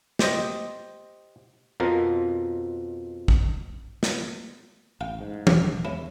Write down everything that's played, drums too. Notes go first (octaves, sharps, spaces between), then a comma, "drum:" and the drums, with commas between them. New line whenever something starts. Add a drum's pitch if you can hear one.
G4 C5 D#5, drum: snare
F2 B2 F3 A#4
drum: kick
drum: snare
A1 F5 G5
G#2
D#1 C2, drum: tom E3
E2 G#3 C#4 E4